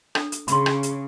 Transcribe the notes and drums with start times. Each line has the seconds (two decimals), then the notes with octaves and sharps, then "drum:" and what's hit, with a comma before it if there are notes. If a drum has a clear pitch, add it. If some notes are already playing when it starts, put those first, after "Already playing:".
0.15 D4 A4, drum: rim click
0.32 drum: hi-hat
0.48 C#3 B5 C6, drum: hi-hat
0.66 drum: rim click
0.83 drum: hi-hat